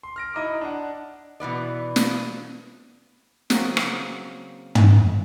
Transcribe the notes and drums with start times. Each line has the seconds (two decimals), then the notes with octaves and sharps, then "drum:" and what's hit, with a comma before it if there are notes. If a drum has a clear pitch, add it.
0.03 C6
0.16 F6 A#6 D7
0.34 D#4 E4 D#5 A#5 D6
0.61 D4 F#5
1.40 B2 E3 B3 D5
1.96 drum: snare
3.50 C#3 F#3 A#3 C4 F#4, drum: snare
3.77 drum: rim click
4.75 drum: tom